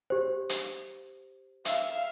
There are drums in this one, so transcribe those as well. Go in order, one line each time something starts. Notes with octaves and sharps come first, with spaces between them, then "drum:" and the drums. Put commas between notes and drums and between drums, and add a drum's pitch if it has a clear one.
G4 C5
drum: hi-hat
E5 F5, drum: hi-hat